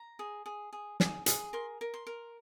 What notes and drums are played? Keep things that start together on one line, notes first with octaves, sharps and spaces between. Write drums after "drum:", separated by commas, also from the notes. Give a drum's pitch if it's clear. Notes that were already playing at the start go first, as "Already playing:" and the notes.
Already playing: A#5
G#4
G#4
G#4
G#4, drum: snare
G#4, drum: hi-hat
A#4 C6
A#4
C6
A#4